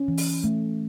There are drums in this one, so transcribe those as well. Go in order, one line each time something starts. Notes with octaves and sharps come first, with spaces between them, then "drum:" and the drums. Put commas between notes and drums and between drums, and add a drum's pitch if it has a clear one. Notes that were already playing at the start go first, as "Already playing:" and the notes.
Already playing: C#4
E3
drum: open hi-hat
A3